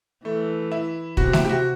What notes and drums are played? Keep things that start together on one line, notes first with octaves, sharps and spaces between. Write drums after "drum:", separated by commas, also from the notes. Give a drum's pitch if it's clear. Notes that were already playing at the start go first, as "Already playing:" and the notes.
E3 A3
E4
C3 F#4, drum: kick
E4, drum: snare A3
G4
F#4